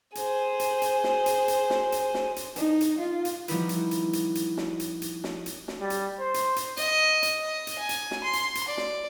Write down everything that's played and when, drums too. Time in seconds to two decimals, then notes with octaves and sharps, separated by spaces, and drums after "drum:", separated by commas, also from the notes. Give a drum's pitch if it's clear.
0.15 G#4 C5, drum: hi-hat
0.60 drum: hi-hat
0.82 drum: hi-hat
1.04 drum: snare
1.26 drum: hi-hat
1.48 drum: hi-hat
1.70 drum: snare
1.92 drum: hi-hat
2.14 drum: snare
2.36 drum: hi-hat
2.56 D#4, drum: hi-hat
2.81 drum: hi-hat
2.99 F4
3.25 drum: hi-hat
3.48 F3 G3 B3 D#4 E4 B4, drum: hi-hat
3.69 drum: hi-hat
3.91 drum: hi-hat
4.13 drum: hi-hat
4.35 drum: hi-hat
4.57 drum: snare
4.80 drum: hi-hat
5.02 drum: hi-hat
5.24 drum: snare
5.46 drum: hi-hat
5.68 drum: snare
5.81 G3
5.90 drum: hi-hat
6.20 C5
6.34 drum: hi-hat
6.56 drum: hi-hat
6.77 D#5, drum: hi-hat
7.23 drum: hi-hat
7.40 D#5
7.67 drum: hi-hat
7.79 G#5
7.89 drum: hi-hat
8.11 drum: snare
8.24 C6
8.33 drum: hi-hat
8.55 drum: hi-hat
8.68 D5
8.77 drum: snare